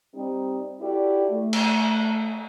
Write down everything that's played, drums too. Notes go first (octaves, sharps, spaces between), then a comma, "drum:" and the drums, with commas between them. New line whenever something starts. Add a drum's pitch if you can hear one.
G3 C4 D#4
D#4 E4 F#4 G4 A4 D5
A3
drum: cymbal